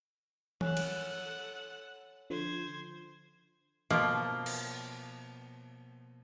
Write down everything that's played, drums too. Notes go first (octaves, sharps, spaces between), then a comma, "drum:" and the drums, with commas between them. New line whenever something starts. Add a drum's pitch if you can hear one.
A4 C#5 F#5 G#5 F#6, drum: tom E3
drum: cymbal
D3 F3 C5 G#6
B2 F3 A#3, drum: hi-hat
drum: cymbal